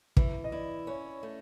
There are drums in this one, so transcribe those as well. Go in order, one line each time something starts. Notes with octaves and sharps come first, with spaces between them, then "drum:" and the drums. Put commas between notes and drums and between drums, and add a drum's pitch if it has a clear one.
E3 E5, drum: kick
D#5
E4 D5
C#4 C#5
A3